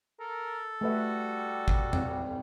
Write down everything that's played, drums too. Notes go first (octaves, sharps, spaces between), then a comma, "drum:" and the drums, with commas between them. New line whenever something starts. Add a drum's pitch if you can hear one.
A4 A#4
G3 A3 F#4 B4 E5
drum: kick G#1
drum: tom E2